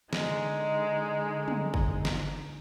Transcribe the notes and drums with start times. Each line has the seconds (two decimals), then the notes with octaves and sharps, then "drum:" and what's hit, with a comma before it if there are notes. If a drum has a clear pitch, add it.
0.13 D3 G#3 D#4, drum: snare
1.48 drum: tom
1.74 drum: kick
2.05 drum: snare